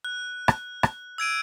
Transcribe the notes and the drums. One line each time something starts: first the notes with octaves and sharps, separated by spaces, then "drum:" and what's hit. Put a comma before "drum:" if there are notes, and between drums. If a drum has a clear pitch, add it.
F#6
drum: rim click
drum: rim click
E6 G#6 D7 D#7